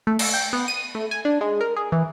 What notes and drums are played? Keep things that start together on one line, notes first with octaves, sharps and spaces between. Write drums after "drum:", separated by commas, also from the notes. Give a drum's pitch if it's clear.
A3
E6, drum: cymbal
G5
B3
D#7
A3
G#5
D4
G#3
A#4
G#4
E3